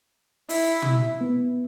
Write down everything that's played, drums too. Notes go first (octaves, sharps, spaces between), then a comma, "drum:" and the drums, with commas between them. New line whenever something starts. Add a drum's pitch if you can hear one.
E4, drum: open hi-hat
drum: tom
B3